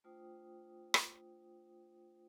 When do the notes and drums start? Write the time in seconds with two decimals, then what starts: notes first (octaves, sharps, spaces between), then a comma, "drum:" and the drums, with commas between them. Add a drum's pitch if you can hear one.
0.04 A3 D4 F4 C5 G5 D#6
0.94 drum: rim click